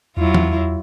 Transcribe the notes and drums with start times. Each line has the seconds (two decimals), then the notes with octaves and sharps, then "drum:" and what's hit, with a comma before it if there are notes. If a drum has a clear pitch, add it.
0.17 E2 F#3 E4 F4
0.35 drum: tom E3